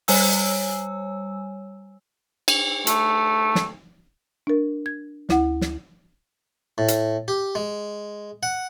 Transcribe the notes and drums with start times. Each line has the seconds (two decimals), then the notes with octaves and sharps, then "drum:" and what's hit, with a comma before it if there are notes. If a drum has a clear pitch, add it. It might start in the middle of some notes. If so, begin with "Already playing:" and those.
0.08 G3 C#5 G#5 E6, drum: open hi-hat
2.48 drum: cymbal
2.87 A3, drum: hi-hat
3.55 drum: snare
4.47 D4 A#4
4.86 G#6
5.29 D2 E4 F#5, drum: snare
5.61 drum: snare
6.78 A2
6.88 drum: hi-hat
7.28 G4
7.55 G#3
8.43 F#5